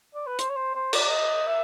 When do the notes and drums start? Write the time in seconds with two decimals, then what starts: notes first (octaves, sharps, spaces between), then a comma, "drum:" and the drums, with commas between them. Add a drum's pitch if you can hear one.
0.15 D5
0.27 B4
0.39 C5, drum: hi-hat
0.49 C#5
0.56 C5
0.75 C5
0.93 D5, drum: cymbal
1.11 D#5
1.47 E5